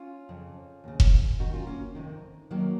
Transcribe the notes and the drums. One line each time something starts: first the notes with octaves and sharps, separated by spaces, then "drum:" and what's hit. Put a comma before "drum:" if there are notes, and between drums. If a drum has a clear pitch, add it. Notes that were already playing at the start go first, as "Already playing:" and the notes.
Already playing: C#4 F4
F2 C#3
D#2 C#3
drum: kick F1
F2 D#3 D#4 F#4
C#4 F4
A#3 C#4
F2 C3 D#3
F2 D#3 F#3 A#3